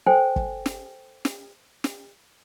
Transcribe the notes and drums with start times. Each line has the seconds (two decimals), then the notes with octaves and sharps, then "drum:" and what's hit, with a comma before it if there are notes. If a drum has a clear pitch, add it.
0.06 A4 C5 G5 G#5
0.36 drum: kick G1
0.66 drum: snare
1.25 drum: snare
1.84 drum: snare